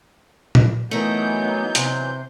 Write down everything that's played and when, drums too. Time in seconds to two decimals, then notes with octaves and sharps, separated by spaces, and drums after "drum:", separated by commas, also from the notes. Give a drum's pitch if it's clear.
0.55 drum: tom A#2
0.91 E3 F#3 A3 B3 D#4 A#4 G6
1.75 C3 C5, drum: hi-hat